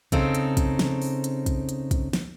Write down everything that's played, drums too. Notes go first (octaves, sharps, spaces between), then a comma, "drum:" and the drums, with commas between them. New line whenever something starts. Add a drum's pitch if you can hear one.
C#3 C4 D#4 A4, drum: kick, hi-hat
drum: hi-hat
drum: kick, hi-hat
drum: snare
drum: open hi-hat
drum: hi-hat
drum: kick, hi-hat
drum: hi-hat
drum: kick, hi-hat
drum: snare